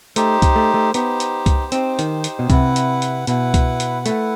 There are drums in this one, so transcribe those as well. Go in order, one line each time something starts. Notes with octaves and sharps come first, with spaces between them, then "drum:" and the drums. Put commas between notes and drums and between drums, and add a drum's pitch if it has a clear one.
A3 D#4 G4 C5, drum: hi-hat
drum: kick C2, hi-hat
A3
A3
B3 D#4 G4 C5, drum: hi-hat
drum: hi-hat
drum: kick C2, hi-hat
C4 D#4 G4 C5, drum: hi-hat
D#3, drum: hi-hat
drum: hi-hat
B2
C3 E4 B4 F#5, drum: kick C2, hi-hat
drum: hi-hat
drum: hi-hat
B2 E4 B4 F#5, drum: hi-hat
drum: kick C2, hi-hat
drum: hi-hat
A3 E4 B4 F#5, drum: hi-hat